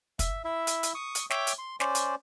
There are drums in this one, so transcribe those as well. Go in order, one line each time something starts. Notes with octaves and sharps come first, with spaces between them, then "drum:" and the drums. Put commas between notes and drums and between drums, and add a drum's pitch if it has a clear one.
E5, drum: kick, hi-hat
E4 E5
drum: hi-hat
drum: hi-hat
C#6 D#6
drum: hi-hat
C#5 E5 G5 D6, drum: snare
drum: hi-hat
C6
C#4 C5 D5, drum: snare
drum: hi-hat